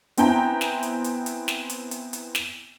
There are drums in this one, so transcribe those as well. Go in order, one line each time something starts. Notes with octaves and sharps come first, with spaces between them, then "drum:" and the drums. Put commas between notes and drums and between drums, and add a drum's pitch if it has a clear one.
B3 C4 E4 G5 G#5 A#5, drum: hi-hat
drum: snare
drum: hi-hat
drum: hi-hat
drum: hi-hat
drum: snare
drum: hi-hat
drum: hi-hat
drum: hi-hat
drum: snare